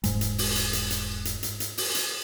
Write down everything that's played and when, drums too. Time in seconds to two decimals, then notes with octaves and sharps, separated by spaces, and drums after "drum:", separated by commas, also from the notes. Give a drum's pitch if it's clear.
0.04 E1 G#2 G#3, drum: hi-hat
0.21 drum: hi-hat
0.38 drum: open hi-hat
0.56 drum: hi-hat
0.73 drum: hi-hat
0.91 drum: hi-hat
1.25 drum: hi-hat
1.43 drum: hi-hat
1.60 drum: hi-hat
1.77 drum: open hi-hat
1.95 drum: hi-hat